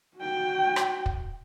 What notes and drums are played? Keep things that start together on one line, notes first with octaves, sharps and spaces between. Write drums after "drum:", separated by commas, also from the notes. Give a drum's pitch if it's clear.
F#4 G5
drum: rim click
drum: kick